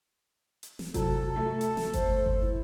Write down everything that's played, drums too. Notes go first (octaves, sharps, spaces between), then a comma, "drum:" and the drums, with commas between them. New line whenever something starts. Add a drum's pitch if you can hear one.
drum: hi-hat
drum: snare
C3 F#3 A4, drum: kick G1, hi-hat
A3
drum: hi-hat
drum: snare
C5, drum: kick G1, hi-hat
drum: kick G1
E4